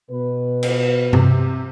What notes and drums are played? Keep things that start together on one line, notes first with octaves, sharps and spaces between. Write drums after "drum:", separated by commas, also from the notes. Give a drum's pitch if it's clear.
B2 B4
drum: cymbal
C3, drum: tom G2